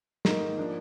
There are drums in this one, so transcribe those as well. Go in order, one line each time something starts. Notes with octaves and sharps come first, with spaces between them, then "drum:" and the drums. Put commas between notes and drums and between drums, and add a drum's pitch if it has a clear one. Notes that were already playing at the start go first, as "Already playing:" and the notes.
G#2 D#3 A#3 D#4 A#4, drum: snare
F3 A#3 D4